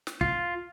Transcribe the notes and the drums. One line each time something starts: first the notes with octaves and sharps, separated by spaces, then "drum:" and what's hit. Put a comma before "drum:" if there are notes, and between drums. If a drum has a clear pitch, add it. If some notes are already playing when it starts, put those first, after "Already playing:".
drum: snare
F4, drum: kick